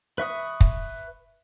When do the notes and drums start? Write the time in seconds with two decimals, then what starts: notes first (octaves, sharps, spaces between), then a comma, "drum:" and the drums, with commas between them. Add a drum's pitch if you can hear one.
0.18 B4 E5 C#6 D#6
0.61 drum: kick